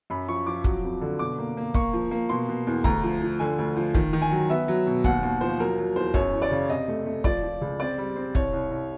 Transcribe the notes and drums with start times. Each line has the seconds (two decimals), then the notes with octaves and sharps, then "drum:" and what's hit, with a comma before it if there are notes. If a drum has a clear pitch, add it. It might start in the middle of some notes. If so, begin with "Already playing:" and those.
0.10 F#2 B5
0.28 F3 C#6
0.46 F3 D6
0.64 F#3, drum: kick
0.83 F2
1.01 D3
1.19 B2 D6
1.39 A#3
1.57 A#3
1.74 A#3 C#6, drum: kick
1.93 F3
2.11 A#3
2.29 B2 C6
2.49 B2
2.67 E2
2.84 D2 A#5, drum: kick
3.03 F3
3.22 F3
3.39 D3 G#5
3.58 D2
3.77 F3
3.95 D#3, drum: kick
4.13 D#3
4.22 G#5
4.31 F#3
4.49 B3 E5
4.68 F#3
4.87 B2
5.04 D#2 F#5, drum: kick
5.23 D#2
5.41 F3 C5
5.59 F#3 A#4
5.78 F#3
5.96 E2 C5
6.14 F#2 C#5, drum: kick
6.33 E3
6.42 D5
6.51 C#3
6.69 C3 D#5
6.88 A3
7.06 A3
7.24 F3 D5, drum: kick
7.43 F3
7.61 C#2
7.80 C4 D5
7.98 G3
8.16 C4
8.35 C2 C#5, drum: kick
8.53 C2
8.71 C2